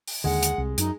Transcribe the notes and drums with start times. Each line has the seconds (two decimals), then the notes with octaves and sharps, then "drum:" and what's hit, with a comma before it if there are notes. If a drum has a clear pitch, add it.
0.07 drum: open hi-hat
0.24 D#2 D3 G#3 F#5
0.43 drum: hi-hat
0.58 C2
0.78 F#2 D#4, drum: hi-hat